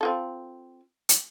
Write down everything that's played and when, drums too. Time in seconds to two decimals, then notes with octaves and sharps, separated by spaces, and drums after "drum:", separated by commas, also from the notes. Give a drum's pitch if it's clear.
0.01 C4 F4 A4
1.09 drum: hi-hat